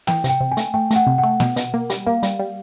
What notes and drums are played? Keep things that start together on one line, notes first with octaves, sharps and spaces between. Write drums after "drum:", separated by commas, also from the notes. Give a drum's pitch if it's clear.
E3 G5, drum: snare
C3, drum: hi-hat
G5
C3
G#5
A3, drum: hi-hat
A3 G5
A3, drum: hi-hat
F#5
C3
F#5
A3
B2, drum: snare
B2, drum: hi-hat
A#3
G3, drum: hi-hat
A#3 F5
G3, drum: hi-hat
G3